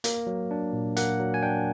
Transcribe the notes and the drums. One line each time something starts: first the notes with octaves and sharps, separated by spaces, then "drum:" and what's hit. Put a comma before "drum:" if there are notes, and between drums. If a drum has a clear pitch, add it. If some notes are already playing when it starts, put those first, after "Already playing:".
A#3, drum: hi-hat
F#3
D4
A#2
A#3 F#5, drum: hi-hat
F#3
G#5
D4 G5